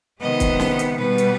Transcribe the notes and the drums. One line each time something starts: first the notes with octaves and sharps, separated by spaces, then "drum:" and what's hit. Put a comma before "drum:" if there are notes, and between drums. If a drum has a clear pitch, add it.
C3 D#3 G#3 B3 D#5
drum: kick, hi-hat
drum: snare
drum: hi-hat
B2 G3 B3 B4
drum: hi-hat